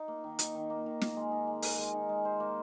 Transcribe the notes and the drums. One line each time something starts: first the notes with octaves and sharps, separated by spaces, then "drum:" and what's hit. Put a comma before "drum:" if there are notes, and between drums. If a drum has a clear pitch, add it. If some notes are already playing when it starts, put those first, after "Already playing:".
Already playing: D#4
A#3
D#3
D#4, drum: hi-hat
D#3
A#3
D#3
A#4, drum: snare
G#3
D#4
G#3
A#4, drum: open hi-hat
G#3
D#4
G#3
C5
A#3